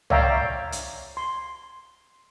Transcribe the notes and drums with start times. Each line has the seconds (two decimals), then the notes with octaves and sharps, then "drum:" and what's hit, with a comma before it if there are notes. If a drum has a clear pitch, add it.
0.10 C#5 D5 E5 F5 G5 A#5, drum: tom C2
0.72 drum: hi-hat
1.17 C6